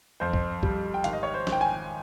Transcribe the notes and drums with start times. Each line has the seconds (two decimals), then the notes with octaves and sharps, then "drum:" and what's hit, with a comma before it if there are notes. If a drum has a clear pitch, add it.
0.20 F2 C5
0.33 drum: kick
0.63 G3, drum: kick
0.94 G5
1.04 G#1 F5, drum: hi-hat
1.13 D#5
1.23 C#5
1.34 C5
1.47 G#1, drum: snare
1.52 G5
1.61 G#5